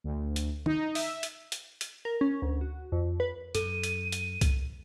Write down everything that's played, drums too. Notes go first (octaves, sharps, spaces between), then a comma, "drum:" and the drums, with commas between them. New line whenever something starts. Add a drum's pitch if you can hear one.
D2
drum: hi-hat
D#4, drum: tom
E5, drum: open hi-hat
drum: hi-hat
drum: hi-hat
drum: hi-hat
A#4
C#4
D2
F#4
F2
B4
F#2 A4 D#7, drum: hi-hat
drum: hi-hat
drum: hi-hat
drum: kick C2, hi-hat